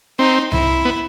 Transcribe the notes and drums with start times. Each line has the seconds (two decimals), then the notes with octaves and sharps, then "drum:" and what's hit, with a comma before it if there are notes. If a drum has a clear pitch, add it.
0.19 C4 D#4
0.52 E4, drum: tom C2
0.85 B3